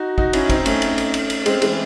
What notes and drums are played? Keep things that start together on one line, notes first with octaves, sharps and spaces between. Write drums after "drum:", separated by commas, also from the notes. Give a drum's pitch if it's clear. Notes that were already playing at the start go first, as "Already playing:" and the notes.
Already playing: D#4 F#4
D#4 F#4, drum: kick
C#4 E4, drum: cymbal
C4 D#4, drum: kick, cymbal
A3 C#4, drum: cymbal
drum: cymbal
drum: cymbal
drum: cymbal
drum: cymbal
G#3 C4, drum: cymbal
E3 G#3, drum: cymbal